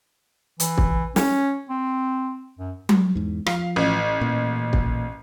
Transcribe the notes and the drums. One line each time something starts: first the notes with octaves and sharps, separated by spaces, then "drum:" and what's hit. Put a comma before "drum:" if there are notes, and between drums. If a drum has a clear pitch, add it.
E3, drum: hi-hat
drum: kick
C#4, drum: snare
C4
F#2
drum: tom F#3
E2 G#2
F3 F5, drum: rim click
A1
A#2
drum: kick